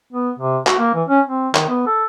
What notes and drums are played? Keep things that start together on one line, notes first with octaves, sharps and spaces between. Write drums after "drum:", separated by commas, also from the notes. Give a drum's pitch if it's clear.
B3
C3
F#4, drum: clap
A#3
E3
C#4
C4
D#3, drum: clap
B3
A4